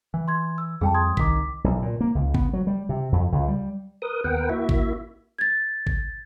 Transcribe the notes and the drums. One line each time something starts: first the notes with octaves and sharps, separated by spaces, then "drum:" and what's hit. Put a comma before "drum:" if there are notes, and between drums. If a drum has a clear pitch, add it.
E3
C6 G#6
E6
F2 G3 G#4 G5 A5
C6 D#6 G#6
C2 D#3 D6 B6, drum: kick G#1
B1
A#2
A#3
C#2
B3, drum: kick G#1
F#3
G3
C3
F2
C#2
G3
A#4 B4 D#6
D#2 B3 A#4 B4 F#5 G5
A#3 E4 F#4 E5
drum: kick G#1
G#6 A6
drum: kick G#1